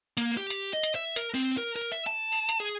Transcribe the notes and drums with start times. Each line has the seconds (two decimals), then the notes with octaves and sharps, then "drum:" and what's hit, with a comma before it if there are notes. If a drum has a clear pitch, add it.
0.17 A#3, drum: hi-hat
0.37 G4
0.50 drum: hi-hat
0.73 D#5
0.83 drum: hi-hat
0.95 E5
1.16 A#4, drum: hi-hat
1.34 C4, drum: open hi-hat
1.58 A#4
1.76 A#4
1.92 E5
2.07 A5
2.32 drum: open hi-hat
2.49 drum: hi-hat
2.60 G#4